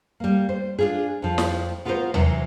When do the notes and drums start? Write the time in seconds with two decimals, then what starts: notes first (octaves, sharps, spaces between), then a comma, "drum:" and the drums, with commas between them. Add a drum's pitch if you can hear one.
0.20 G3 A#3
0.49 C5
0.79 D4 F4 G#4
1.22 F2 F3
1.38 drum: snare
1.85 B3 F4 F#4 A4 A#4 C5
2.14 C3 E3 F#3 A#4 C5, drum: tom D#2